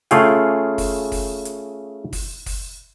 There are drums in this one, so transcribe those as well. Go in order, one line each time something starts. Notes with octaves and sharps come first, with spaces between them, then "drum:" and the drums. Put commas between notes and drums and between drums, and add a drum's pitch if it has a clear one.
C#3 A3 F4 G#4 F5 G5, drum: hi-hat
drum: kick, open hi-hat
drum: kick, open hi-hat
drum: hi-hat
drum: kick, open hi-hat
drum: kick, open hi-hat